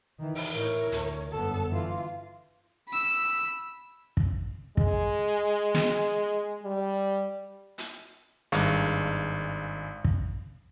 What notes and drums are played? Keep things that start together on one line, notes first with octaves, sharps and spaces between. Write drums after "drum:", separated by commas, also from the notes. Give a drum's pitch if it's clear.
D#3 E3
drum: open hi-hat
A2 E4 A#4 C#5
D2, drum: hi-hat
G1 F#2 B3 A4
E3 F4
B5 E6
drum: kick
G#3, drum: kick
drum: snare
G3
drum: hi-hat
G#1 G2 G#3 F5 C#6, drum: hi-hat
drum: kick